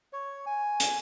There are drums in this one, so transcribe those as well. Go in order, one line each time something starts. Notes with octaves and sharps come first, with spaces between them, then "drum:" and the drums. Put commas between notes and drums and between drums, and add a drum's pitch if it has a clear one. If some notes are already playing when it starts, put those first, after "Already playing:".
C#5
G#5
drum: hi-hat